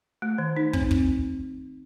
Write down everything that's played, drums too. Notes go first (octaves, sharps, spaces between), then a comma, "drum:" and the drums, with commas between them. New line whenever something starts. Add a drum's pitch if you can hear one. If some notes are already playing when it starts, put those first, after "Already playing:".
A3
D#3
D#4
C4, drum: kick
drum: kick